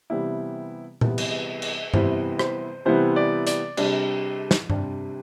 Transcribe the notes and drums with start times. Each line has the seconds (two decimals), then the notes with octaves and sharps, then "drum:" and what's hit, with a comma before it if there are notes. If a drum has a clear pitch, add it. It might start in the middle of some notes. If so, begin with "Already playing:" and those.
0.10 C3 E3 G3 B3 E4 D5
1.01 C3 E3 G3 B3 E4, drum: tom A#2
1.18 drum: cymbal
1.62 drum: cymbal
1.94 C3 E3 G3 B3 E4 C5, drum: tom G2
2.39 C5, drum: rim click
2.85 C3 E3 G3 B3 E4 C5
3.16 D5
3.47 D5, drum: hi-hat
3.77 C3 G3 D4, drum: cymbal
4.51 drum: snare
4.70 C3 G3 D4 C5, drum: tom G2